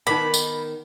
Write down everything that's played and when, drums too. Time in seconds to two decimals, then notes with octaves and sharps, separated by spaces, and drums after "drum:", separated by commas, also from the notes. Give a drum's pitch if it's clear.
0.07 D#3 B3 D#4 B5 D6
0.34 drum: tambourine